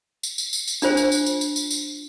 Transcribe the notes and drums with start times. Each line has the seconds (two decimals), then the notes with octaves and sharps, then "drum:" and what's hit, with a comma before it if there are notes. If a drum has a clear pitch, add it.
0.23 drum: tambourine
0.38 drum: tambourine
0.53 drum: tambourine
0.68 drum: tambourine
0.82 D4 F4 C5 G#5, drum: tambourine
0.97 drum: tambourine
1.12 drum: tambourine
1.26 drum: tambourine
1.41 drum: tambourine
1.56 drum: tambourine
1.71 drum: tambourine